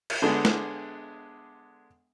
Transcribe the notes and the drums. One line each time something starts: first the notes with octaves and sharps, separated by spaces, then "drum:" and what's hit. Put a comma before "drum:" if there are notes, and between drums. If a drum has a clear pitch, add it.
drum: cymbal
D3 G#3 B3 D4 G#4
drum: snare